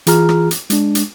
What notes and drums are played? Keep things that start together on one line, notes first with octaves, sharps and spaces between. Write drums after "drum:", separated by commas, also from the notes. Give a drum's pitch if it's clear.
E3 F4 G#4 A#5 F6, drum: hi-hat
drum: rim click
drum: hi-hat
G#3 D4, drum: hi-hat
drum: hi-hat